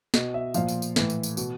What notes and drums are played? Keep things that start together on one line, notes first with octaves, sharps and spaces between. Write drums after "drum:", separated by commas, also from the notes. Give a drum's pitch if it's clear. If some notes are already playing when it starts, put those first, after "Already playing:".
B2 D#5, drum: snare
E5
A#2 F3 F5, drum: tambourine
drum: tambourine
drum: tambourine
A2 E3, drum: snare
drum: tambourine
drum: tambourine
B2, drum: tambourine